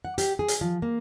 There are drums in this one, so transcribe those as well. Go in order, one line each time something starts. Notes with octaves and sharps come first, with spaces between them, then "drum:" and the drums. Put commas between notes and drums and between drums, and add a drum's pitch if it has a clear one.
F#5
G4, drum: hi-hat
G#4
drum: hi-hat
F3
A#3